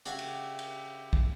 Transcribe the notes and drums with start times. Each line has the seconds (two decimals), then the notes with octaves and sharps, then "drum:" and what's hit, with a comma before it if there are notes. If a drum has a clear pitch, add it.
0.06 C#3 D4 F#4 G4 E5 G5 G#5, drum: hi-hat
0.19 drum: cymbal
0.59 drum: cymbal
1.13 drum: kick